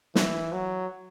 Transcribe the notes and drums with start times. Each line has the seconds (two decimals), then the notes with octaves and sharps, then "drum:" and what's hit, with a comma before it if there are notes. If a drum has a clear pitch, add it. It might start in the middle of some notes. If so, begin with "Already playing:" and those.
0.15 E3, drum: snare
0.53 F#3